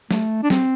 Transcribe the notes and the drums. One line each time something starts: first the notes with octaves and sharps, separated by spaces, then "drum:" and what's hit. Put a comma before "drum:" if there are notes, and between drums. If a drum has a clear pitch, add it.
A3, drum: snare
D4
C4, drum: snare